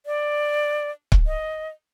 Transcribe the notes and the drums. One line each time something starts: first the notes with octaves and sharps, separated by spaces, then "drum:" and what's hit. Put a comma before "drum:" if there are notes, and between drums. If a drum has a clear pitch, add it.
D5
drum: kick C#1
D#5